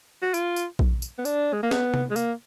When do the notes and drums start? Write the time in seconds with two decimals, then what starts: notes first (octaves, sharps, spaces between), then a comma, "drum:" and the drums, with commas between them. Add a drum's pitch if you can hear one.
0.22 F#4
0.34 F4, drum: tambourine
0.56 drum: tambourine
0.79 drum: kick A#1
1.02 drum: tambourine
1.18 B3
1.25 D4, drum: tambourine
1.53 G#3
1.63 A#3
1.71 B3, drum: snare
1.94 drum: tom C3
2.11 G#3
2.16 A#3, drum: tambourine